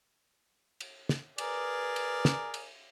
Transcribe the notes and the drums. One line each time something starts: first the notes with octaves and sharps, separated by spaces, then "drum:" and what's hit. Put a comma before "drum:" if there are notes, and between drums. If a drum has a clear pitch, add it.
drum: cymbal
drum: snare
G#4 A#4 B4 D5, drum: cymbal
drum: cymbal
drum: snare
drum: cymbal